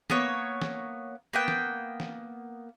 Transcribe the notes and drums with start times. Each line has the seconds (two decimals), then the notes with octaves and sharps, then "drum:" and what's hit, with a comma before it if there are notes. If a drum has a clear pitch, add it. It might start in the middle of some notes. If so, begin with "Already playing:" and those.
0.10 A#3 B3 C#5, drum: snare
0.62 drum: snare
1.33 A#3 B3 G5
1.48 drum: snare
2.00 drum: snare